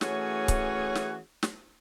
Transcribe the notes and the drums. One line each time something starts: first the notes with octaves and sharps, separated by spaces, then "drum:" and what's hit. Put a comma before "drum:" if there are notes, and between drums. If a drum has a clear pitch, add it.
E3 A3 C#4 F#4 G#4 C#5, drum: snare
drum: kick C#1, hi-hat
drum: snare
drum: snare